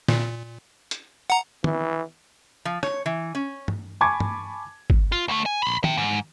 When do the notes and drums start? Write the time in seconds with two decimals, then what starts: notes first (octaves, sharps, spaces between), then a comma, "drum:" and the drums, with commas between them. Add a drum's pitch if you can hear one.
0.08 A#2, drum: snare
0.91 drum: hi-hat
1.30 F#5 A#5
1.64 E3, drum: tom
2.65 F3
2.83 C#5, drum: rim click
3.06 E3
3.35 C#4
3.68 drum: tom
4.01 G#5 A5 B5 C#6 D6 G#6
4.20 drum: tom
4.90 drum: kick
5.12 F4
5.28 D2 A3
5.46 G#5
5.63 B5 C6
5.84 E5 G5, drum: tom D#3
5.97 G#2